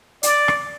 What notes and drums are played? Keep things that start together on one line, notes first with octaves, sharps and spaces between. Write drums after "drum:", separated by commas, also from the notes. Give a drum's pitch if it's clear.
D5, drum: hi-hat
drum: rim click